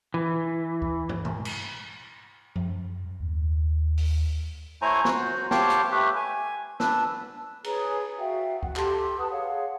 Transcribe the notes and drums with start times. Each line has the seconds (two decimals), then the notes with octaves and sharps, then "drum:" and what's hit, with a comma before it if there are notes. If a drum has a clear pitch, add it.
0.14 E3
0.82 drum: kick C#2
1.09 drum: tom
1.25 drum: tom A#2
1.45 drum: cymbal
2.56 F#2, drum: tom F3
3.20 D#2
3.98 drum: open hi-hat
4.82 A3 E4 C5 C#5 G#5 A#5
5.05 F#4 C5, drum: snare
5.51 G4 C5 C#5 F5 G5 A5, drum: snare
5.70 drum: hi-hat
5.92 A3 G4 B4 E5
6.16 G#5
6.80 D4 B4 E6, drum: snare
7.64 G#4 B4 C#5 A#5, drum: cymbal
8.18 F#4 E5 F5 G5
8.63 F#5, drum: kick C#2
8.76 G4 A4 A5 C6, drum: clap
9.18 B4 F#5 A5 D#6
9.30 G#4 C#5 F5 F#5